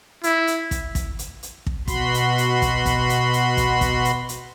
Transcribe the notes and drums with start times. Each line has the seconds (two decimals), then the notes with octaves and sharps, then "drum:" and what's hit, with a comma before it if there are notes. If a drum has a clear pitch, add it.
0.23 E4, drum: hi-hat
0.47 drum: hi-hat
0.71 drum: kick, hi-hat
0.95 drum: kick, hi-hat
1.19 drum: hi-hat
1.43 drum: hi-hat
1.66 drum: kick
1.88 B2 F#4 B5 C6, drum: kick, hi-hat
2.14 drum: hi-hat
2.38 drum: hi-hat
2.62 drum: kick, hi-hat
2.86 drum: kick, hi-hat
3.10 drum: hi-hat
3.33 drum: hi-hat
3.57 drum: kick, hi-hat
3.81 drum: kick, hi-hat
4.05 drum: hi-hat
4.29 drum: hi-hat